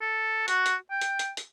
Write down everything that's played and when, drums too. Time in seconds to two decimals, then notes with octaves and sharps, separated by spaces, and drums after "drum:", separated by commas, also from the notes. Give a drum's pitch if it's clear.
0.01 A4
0.48 F#4, drum: hi-hat
0.66 drum: hi-hat
0.91 G5
1.01 drum: hi-hat
1.19 drum: hi-hat
1.37 drum: hi-hat